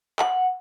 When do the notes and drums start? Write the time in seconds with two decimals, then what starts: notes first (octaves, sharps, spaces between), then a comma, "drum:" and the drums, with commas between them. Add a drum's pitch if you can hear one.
0.19 F#5, drum: clap